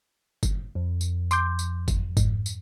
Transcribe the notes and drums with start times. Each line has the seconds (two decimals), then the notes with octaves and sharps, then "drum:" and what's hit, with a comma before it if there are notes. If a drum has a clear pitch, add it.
0.43 drum: kick, tambourine
0.75 F2
1.01 drum: tambourine
1.31 C6 D6 G6, drum: tambourine
1.59 drum: tambourine
1.88 drum: kick, tambourine
2.17 G#2, drum: kick, tambourine
2.46 drum: tambourine